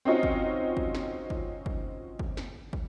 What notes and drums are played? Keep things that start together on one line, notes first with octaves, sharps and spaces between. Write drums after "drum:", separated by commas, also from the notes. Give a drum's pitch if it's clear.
C4 C#4 D#4 F4 F#4
drum: kick
drum: kick
drum: snare
drum: kick
drum: kick
drum: kick
drum: snare
drum: kick